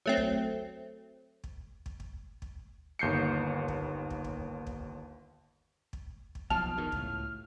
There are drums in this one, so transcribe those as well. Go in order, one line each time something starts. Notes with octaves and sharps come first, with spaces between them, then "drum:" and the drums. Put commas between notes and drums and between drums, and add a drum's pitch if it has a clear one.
F#3 A3 C4
drum: kick
drum: kick
drum: kick
drum: kick
drum: kick
G1 D#2 G6 C7 C#7
drum: kick
drum: kick
drum: kick
drum: kick
drum: kick
drum: kick
B1 B2 F3 A5 F6, drum: kick
E2 B2 D#3
C#2 A2, drum: kick